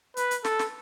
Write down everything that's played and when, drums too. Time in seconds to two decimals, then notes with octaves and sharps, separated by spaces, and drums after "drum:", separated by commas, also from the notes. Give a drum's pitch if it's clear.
0.17 B4, drum: hi-hat
0.31 drum: hi-hat
0.45 A4, drum: snare
0.59 drum: snare